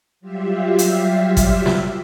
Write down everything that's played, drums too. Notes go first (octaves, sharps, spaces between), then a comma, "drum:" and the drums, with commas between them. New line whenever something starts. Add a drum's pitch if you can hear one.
F#3 G3 F4 G4 E5 F5
drum: hi-hat
drum: kick G#1, hi-hat
drum: snare